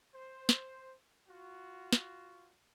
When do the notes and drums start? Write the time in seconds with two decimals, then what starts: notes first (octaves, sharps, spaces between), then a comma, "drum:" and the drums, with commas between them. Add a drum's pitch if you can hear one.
0.13 C5
0.49 drum: snare
1.28 F4 F#4
1.93 drum: snare